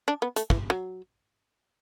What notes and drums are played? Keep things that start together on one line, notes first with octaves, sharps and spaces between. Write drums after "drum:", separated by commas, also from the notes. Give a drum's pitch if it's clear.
D4
B3
A3, drum: hi-hat
E3, drum: kick
F#3